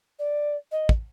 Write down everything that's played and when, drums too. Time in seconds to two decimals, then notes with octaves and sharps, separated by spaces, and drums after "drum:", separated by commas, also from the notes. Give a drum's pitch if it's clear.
0.19 D5
0.72 D#5
0.89 drum: kick